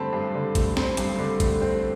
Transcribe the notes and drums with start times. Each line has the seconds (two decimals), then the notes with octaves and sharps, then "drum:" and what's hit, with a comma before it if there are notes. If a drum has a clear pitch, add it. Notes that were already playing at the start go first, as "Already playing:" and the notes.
Already playing: G2 D3 A3 C4 A5 B5 C6
0.13 G2
0.34 D3
0.55 A3, drum: kick A1, hi-hat
0.77 C4, drum: snare
0.97 G2, drum: hi-hat
1.19 D3
1.40 A3, drum: kick A1, hi-hat
1.62 C4